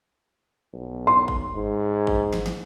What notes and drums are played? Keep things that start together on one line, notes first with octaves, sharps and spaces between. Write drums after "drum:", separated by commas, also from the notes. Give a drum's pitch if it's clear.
B1
C6
drum: kick G#1
G#2
drum: kick G#1
drum: snare
drum: snare